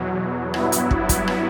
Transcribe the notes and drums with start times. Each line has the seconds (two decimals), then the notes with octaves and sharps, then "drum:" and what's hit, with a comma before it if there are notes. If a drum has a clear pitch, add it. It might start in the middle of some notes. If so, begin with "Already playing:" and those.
Already playing: E2 B2 F#3
0.54 G2 F#3 B3 E4, drum: rim click
0.72 drum: hi-hat
0.91 drum: kick
1.09 drum: kick, hi-hat
1.28 drum: rim click